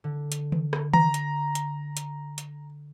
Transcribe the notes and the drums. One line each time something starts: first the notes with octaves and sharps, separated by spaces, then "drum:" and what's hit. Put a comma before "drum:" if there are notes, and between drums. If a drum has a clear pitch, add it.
D3
drum: hi-hat
drum: tom D#3
drum: rim click
A#5, drum: tom D#3
drum: hi-hat
drum: hi-hat
drum: hi-hat
drum: hi-hat